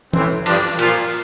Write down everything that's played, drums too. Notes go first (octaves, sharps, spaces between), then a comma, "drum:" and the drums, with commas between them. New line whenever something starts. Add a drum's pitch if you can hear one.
A2 E3 C4, drum: tom E3
G2 F3 D4, drum: cymbal
A#2 F3 F4, drum: cymbal